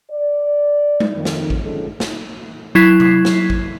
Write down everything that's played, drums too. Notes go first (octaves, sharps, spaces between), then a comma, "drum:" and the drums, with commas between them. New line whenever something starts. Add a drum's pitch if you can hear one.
D5
drum: tom G#3
F2 D#3
drum: snare
drum: kick A1
D3 D#3 F3 G#3 C#4 A4
drum: snare
F#3 E4 G#6 B6 C7
drum: tom C3
drum: snare
drum: kick A1